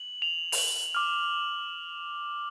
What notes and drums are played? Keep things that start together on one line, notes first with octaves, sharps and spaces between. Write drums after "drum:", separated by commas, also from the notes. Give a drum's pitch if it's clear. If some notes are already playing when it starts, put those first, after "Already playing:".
Already playing: F#7
F7
F7, drum: open hi-hat
F#7
D6 F6